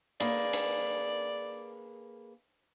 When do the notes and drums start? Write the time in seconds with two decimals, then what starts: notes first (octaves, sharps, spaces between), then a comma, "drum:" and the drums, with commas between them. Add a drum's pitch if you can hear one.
0.20 A#3 G#4 B4 D5, drum: hi-hat
0.53 drum: hi-hat